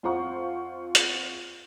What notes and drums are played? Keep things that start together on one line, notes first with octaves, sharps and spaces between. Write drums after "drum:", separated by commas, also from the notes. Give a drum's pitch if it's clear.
F2 F4 C5 F#5 C#6
drum: hi-hat